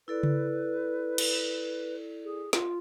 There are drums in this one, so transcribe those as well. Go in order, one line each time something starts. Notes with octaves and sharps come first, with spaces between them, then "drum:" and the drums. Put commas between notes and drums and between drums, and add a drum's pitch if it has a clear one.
E4 A4 B4 D5
drum: tom C#3
drum: cymbal
G#4
F4, drum: snare